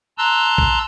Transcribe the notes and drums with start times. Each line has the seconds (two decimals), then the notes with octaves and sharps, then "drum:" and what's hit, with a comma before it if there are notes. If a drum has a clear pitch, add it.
0.18 A5 A#5 C6 E6 F#6
0.58 drum: kick A#1